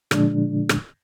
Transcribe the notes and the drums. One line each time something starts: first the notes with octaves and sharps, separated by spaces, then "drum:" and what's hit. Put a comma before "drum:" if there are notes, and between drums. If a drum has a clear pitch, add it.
A#2 D3 F3 G#3 D4, drum: rim click
drum: rim click